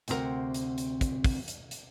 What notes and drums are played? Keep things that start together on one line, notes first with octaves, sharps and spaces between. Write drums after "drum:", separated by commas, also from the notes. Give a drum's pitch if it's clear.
D2 C3 C4 D4 A#4 F#5, drum: hi-hat
drum: hi-hat
drum: hi-hat
drum: kick, hi-hat
drum: kick, open hi-hat
drum: hi-hat
drum: hi-hat